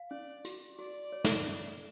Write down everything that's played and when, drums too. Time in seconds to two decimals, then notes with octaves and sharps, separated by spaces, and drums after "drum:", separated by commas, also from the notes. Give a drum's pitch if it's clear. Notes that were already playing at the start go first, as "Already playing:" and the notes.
Already playing: F5
0.11 C#4 D5
0.45 F#4, drum: hi-hat
0.78 F#4 D5
1.12 C#5
1.24 drum: snare
1.47 C#4